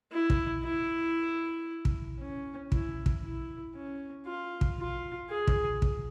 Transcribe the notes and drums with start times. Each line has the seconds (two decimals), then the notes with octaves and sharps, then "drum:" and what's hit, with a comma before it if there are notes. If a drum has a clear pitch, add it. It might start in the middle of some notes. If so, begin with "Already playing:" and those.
0.12 E4
0.30 drum: kick
0.64 E4
1.85 drum: kick
2.20 C#4
2.72 E4, drum: kick
3.06 drum: kick
3.24 E4
3.75 C#4
4.26 F4
4.61 drum: kick
4.79 F4
5.30 G#4
5.48 drum: kick
5.82 drum: kick